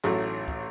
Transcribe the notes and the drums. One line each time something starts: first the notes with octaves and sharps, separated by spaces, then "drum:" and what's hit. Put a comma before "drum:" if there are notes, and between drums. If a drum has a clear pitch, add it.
A1 A2 F#3 A3, drum: clap
drum: kick